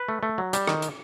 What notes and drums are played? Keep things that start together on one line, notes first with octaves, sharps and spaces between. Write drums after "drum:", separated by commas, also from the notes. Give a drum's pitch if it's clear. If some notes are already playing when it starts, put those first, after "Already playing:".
Already playing: B4
A3
A3
F#3
G3, drum: hi-hat
D#3, drum: rim click
drum: hi-hat